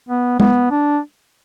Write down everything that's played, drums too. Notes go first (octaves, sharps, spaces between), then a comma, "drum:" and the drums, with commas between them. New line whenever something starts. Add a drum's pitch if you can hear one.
B3
B3, drum: tom
D4